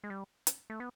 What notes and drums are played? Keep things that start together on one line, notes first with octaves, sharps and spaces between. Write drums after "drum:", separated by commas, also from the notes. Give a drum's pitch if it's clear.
G#3
G3
drum: hi-hat
A3
B3